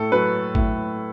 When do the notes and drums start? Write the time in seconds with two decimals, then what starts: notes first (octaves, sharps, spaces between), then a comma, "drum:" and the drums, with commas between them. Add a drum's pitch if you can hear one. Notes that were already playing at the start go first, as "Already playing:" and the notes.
Already playing: A2 A4
0.12 F#3 B4
0.55 A2, drum: kick G#1